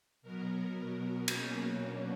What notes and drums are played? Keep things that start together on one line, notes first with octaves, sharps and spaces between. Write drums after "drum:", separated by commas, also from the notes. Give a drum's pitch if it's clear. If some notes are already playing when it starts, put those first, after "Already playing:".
B2 F#3 B3 A#4
A#4
B2 F#3 A#3 C#4, drum: cymbal
D4